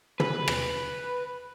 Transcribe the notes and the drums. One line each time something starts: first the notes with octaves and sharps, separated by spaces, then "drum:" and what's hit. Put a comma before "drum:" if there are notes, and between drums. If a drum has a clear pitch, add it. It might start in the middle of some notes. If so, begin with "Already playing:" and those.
B4, drum: tom
drum: rim click